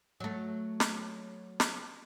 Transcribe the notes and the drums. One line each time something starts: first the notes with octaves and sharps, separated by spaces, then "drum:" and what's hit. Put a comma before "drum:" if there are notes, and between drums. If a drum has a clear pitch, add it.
F#3 A3
drum: snare
drum: snare